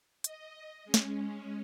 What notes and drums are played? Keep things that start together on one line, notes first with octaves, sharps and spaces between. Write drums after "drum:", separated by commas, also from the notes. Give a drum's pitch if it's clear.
D#5, drum: hi-hat
G#3 C#4
drum: snare